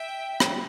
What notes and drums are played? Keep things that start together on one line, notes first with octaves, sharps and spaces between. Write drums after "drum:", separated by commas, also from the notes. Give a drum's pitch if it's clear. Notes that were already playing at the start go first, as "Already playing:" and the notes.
Already playing: E5 G5
drum: rim click